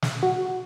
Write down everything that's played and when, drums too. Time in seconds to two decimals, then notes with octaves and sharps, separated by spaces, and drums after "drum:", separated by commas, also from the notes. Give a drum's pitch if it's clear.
0.02 drum: snare
0.23 F#4